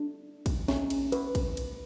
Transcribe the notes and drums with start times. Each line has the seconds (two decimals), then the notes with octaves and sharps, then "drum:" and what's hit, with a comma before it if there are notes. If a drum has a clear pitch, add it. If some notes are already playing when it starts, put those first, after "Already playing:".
Already playing: D4
0.46 drum: kick, cymbal
0.68 C#4, drum: snare
0.90 drum: cymbal
1.12 B4, drum: cymbal
1.35 drum: kick, cymbal
1.57 drum: cymbal